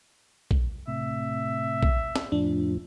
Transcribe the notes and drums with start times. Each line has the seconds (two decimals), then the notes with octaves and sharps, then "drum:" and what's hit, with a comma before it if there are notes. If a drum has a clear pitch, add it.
0.51 drum: kick
0.87 A2 C3 E5
1.83 drum: kick
2.16 drum: snare
2.32 F2 A2 F3 D4